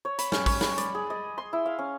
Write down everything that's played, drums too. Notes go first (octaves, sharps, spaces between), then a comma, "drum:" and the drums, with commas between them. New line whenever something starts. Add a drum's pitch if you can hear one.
C#5
B5, drum: hi-hat
C#4, drum: snare
C#5, drum: kick, open hi-hat
B5, drum: snare
D5, drum: hi-hat
G#4
D#5
C6
E4
F5
C#4